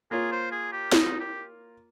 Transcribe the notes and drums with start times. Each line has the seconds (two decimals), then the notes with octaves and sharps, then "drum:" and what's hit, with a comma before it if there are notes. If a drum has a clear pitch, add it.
0.11 A#3 F4 G#4 A#4 C#5
0.32 C5
0.52 G#4
0.72 G4
0.92 D#4, drum: snare
1.20 G4